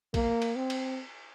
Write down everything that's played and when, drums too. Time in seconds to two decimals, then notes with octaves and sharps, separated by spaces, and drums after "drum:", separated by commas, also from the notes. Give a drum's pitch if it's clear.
0.14 A#3, drum: kick, cymbal
0.42 drum: cymbal
0.56 C4
0.70 drum: cymbal